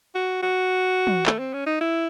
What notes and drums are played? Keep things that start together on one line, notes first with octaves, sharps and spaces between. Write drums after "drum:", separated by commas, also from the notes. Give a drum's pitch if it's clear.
F#4
F#4
drum: tom
A3, drum: clap
C4
C#4
D#4
E4